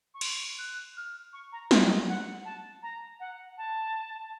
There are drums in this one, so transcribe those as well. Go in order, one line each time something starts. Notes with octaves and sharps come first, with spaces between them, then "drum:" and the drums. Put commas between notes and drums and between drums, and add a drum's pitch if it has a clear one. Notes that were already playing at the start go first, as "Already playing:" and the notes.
C#6
C6, drum: cymbal
F#6
F6
C#6
A#5
A#5, drum: snare
F#5
A5
A#5
F#5
A5